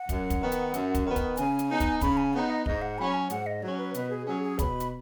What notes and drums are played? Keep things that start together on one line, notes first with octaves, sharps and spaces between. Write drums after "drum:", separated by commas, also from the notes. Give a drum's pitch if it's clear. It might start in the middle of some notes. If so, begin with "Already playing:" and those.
Already playing: F#5
F#2, drum: kick, hi-hat
drum: kick, hi-hat
D#3 B3
drum: hi-hat
F#2, drum: hi-hat
drum: kick, hi-hat
D#3 B3
drum: kick, hi-hat
C#3 G#5, drum: hi-hat
drum: hi-hat
B3 D#4
drum: kick, hi-hat
C#3 B5, drum: kick, hi-hat
G#5
B3 D#4 F#5
D#5
G#2 D#5, drum: kick
F#5
F#3 C#4 B5
G#5
G#2 F#5, drum: hi-hat
D#5
F#3 C#4 C#5
B4
B2 B4, drum: hi-hat
G#4
F#3 C#4 G#4
G#4
B2 B5, drum: kick, hi-hat
drum: hi-hat